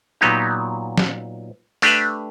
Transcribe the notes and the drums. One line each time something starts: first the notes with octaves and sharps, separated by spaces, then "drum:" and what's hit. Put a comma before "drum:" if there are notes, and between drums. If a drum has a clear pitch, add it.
A#2 F#3 B3 D#4 G4
drum: snare
A3 D4 G4 B4 E5, drum: open hi-hat